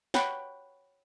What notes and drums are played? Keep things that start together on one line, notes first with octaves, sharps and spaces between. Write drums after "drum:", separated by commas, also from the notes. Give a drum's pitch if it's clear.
C#5 F#5 G5 B5, drum: snare